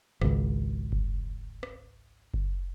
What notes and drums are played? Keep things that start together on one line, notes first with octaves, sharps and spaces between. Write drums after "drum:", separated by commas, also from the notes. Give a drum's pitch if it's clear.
G#1 C#2, drum: rim click
drum: kick F#1
drum: rim click
drum: kick F#1